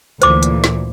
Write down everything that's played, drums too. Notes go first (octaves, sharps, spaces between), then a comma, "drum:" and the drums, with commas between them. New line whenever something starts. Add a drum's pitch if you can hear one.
D2 A#2 E3 C5 D6, drum: hi-hat
drum: hi-hat
drum: snare